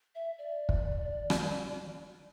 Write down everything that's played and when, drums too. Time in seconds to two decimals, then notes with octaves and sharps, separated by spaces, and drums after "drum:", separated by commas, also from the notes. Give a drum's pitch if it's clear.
0.15 E5
0.38 D5
0.69 drum: kick
1.30 drum: rim click